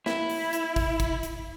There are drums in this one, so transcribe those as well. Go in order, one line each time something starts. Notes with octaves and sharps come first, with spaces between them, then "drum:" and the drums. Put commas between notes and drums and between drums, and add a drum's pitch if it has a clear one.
E4, drum: snare
drum: open hi-hat
drum: hi-hat
drum: kick, open hi-hat
drum: kick, hi-hat
drum: hi-hat